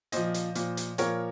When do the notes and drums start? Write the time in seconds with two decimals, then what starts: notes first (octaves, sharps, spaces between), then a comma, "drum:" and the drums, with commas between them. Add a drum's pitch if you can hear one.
0.12 A#2 F3 C5 D#5, drum: hi-hat
0.34 drum: hi-hat
0.55 A#2 F3, drum: hi-hat
0.77 drum: hi-hat
0.98 A#2 F3 A#4 C#5, drum: hi-hat